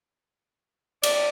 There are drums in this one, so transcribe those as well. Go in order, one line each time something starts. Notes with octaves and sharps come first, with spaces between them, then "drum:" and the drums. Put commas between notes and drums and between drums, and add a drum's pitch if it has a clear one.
D5, drum: cymbal